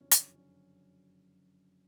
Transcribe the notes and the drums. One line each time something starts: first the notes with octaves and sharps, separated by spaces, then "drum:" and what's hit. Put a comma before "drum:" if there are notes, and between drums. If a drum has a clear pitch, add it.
F#1 F2 D3 F#3 C#4
drum: hi-hat
C#4